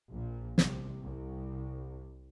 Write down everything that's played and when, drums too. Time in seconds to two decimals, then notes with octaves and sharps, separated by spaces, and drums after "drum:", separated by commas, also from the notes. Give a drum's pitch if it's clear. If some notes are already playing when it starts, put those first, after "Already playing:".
0.13 A#1 A#2
0.58 C2 C3, drum: snare
1.02 C2 C3